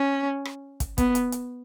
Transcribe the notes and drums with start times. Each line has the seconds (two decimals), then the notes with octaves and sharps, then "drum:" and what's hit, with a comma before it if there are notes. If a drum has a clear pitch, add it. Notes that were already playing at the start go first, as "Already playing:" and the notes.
Already playing: C#4
0.45 drum: rim click
0.80 drum: kick, hi-hat
0.98 B3, drum: kick, hi-hat
1.15 drum: hi-hat
1.32 drum: hi-hat